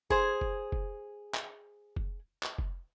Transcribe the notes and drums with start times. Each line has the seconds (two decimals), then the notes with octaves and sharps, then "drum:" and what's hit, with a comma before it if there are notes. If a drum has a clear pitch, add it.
0.10 G#4 C5, drum: kick
0.41 drum: kick
0.72 drum: kick
1.34 drum: clap
1.96 drum: kick
2.43 drum: clap
2.58 drum: kick